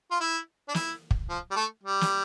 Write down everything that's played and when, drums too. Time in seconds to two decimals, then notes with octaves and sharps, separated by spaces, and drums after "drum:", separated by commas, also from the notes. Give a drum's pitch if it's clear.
0.11 F4
0.20 E4
0.68 D4
0.74 E4, drum: snare
1.11 drum: kick
1.29 F3
1.51 G3
1.56 A3
1.83 G3
2.01 drum: snare